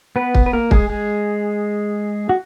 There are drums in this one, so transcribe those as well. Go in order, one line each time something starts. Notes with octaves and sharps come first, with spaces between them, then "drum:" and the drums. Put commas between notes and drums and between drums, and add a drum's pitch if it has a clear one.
B3 B4
drum: kick
B4
A#3 A#4
G#3 G#4, drum: kick
G#3 G#4
F#4